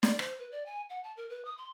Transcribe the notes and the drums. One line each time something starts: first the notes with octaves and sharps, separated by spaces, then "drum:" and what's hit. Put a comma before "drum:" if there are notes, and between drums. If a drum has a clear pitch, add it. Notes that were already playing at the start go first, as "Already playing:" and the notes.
D5, drum: snare
C5, drum: rim click
B4
D5
G#5
F#5
A5
A#4
B4
D#6
C6